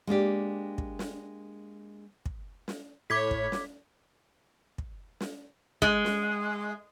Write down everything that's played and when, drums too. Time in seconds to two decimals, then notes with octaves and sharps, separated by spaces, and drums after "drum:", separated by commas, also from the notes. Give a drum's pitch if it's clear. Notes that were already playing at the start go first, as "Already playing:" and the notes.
0.07 G#3 A#3 D4 G4
0.78 drum: kick
0.99 drum: snare
2.26 drum: kick
2.68 drum: snare
3.10 A2 C#5 B5 D6 G#6 B6
3.31 drum: kick
3.52 drum: snare
4.78 drum: kick
5.21 drum: snare
5.82 G#3, drum: kick
6.05 drum: snare